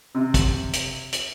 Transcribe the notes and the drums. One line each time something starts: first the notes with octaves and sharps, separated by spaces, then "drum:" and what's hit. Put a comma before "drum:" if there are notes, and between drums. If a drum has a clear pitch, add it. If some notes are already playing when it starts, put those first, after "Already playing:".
C3
drum: kick, hi-hat
drum: hi-hat
drum: hi-hat